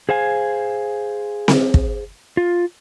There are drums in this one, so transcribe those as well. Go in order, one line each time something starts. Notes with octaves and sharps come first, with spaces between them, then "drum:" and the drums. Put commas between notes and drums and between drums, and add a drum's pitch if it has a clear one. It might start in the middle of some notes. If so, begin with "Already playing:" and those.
G#4 C5 F5 G#5
drum: snare C4
drum: kick
F4